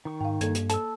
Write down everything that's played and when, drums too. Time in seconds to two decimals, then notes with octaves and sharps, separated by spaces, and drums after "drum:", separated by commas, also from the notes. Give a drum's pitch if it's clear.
0.05 D#3 C#6
0.21 G#2 F5 G5
0.41 G2 A#3 A4 G#6, drum: hi-hat
0.55 drum: hi-hat
0.70 A4 A5 E6, drum: hi-hat